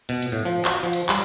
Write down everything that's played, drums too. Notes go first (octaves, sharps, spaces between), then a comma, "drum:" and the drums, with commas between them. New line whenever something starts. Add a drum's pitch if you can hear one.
B2, drum: hi-hat
drum: hi-hat
A2
F3
F#4, drum: clap
F3
drum: hi-hat
G3, drum: clap